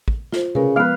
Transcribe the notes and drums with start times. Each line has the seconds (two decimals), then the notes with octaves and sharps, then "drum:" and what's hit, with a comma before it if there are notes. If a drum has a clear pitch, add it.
0.08 drum: kick
0.32 F4 C5, drum: snare
0.55 C#3 A#4 B4, drum: tom C3
0.76 F3 G#3 B3 B4 F5